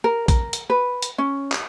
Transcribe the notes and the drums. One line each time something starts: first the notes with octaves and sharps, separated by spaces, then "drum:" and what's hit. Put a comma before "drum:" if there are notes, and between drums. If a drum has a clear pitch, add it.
A#4
A#4, drum: kick A#1, hi-hat
drum: hi-hat
B4
drum: hi-hat
C#4
drum: clap